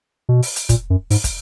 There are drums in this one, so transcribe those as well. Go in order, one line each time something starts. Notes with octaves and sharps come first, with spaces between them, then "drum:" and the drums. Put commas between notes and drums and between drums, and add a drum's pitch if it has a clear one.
B2
drum: open hi-hat
drum: hi-hat
A#2, drum: kick, hi-hat
F#2
G#2, drum: open hi-hat
drum: kick, hi-hat